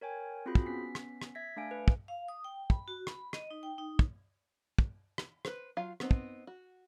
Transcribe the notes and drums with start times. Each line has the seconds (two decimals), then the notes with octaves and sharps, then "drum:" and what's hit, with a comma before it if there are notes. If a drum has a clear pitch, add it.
0.01 A#4 C#5 G5 G#5
0.46 C4 F4 F#4 G#4 B5 G6
0.55 drum: kick
0.66 B3 C#4 B6 C7
0.95 drum: rim click
1.22 drum: rim click
1.35 E5 G#6 A#6 B6
1.56 A3 D4 F5 G#5 D7
1.71 B4
1.88 drum: kick
2.08 F5
2.28 D#6
2.44 G5
2.70 B5, drum: kick
2.88 F#4
3.07 B5, drum: rim click
3.33 D#5, drum: rim click
3.51 D#4
3.63 G5
3.78 D#4
3.99 drum: kick
4.79 drum: kick
5.18 drum: rim click
5.45 B4 C5, drum: rim click
5.77 F#3 F4 F5
6.00 B3 C4 D#4, drum: rim click
6.11 drum: kick
6.47 F#4